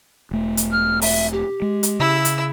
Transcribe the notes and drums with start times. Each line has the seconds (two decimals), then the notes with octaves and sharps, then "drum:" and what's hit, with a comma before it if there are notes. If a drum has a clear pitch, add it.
0.31 E1 A3
0.57 drum: hi-hat
0.72 F6
1.02 E5, drum: open hi-hat
1.33 G4
1.62 G#3
1.83 drum: hi-hat
2.00 C#3 E4 E6
2.25 drum: hi-hat